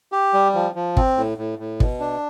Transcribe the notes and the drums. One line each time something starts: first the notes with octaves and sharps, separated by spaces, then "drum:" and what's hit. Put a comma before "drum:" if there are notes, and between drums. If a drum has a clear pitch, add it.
G4
G3
F3
F3
C4, drum: kick
A2
A2
A2
B2, drum: kick
D4